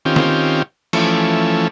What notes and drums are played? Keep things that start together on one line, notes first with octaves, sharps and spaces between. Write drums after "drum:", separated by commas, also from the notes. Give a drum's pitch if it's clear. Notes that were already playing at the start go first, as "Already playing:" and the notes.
D#3 C4 C#4 F4 G4
drum: snare
E3 F3 A3 C#4, drum: cymbal